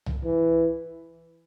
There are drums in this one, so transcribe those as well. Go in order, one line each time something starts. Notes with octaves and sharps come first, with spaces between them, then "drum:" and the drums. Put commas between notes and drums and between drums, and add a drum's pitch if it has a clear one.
drum: tom C2
E3